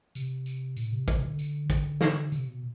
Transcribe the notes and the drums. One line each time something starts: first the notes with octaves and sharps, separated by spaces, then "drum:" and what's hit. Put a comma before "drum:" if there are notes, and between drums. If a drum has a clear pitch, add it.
C3, drum: tambourine
drum: tambourine
A2, drum: tambourine
C3
D3, drum: kick, tambourine
C3
D3
drum: tambourine
D3, drum: kick, tambourine
drum: snare
C3, drum: tambourine
B2